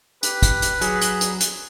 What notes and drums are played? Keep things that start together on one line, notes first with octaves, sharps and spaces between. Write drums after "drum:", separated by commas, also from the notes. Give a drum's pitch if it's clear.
G4 B4, drum: hi-hat
drum: kick, hi-hat
drum: hi-hat
F#3 G#4, drum: hi-hat
drum: hi-hat
drum: hi-hat
drum: hi-hat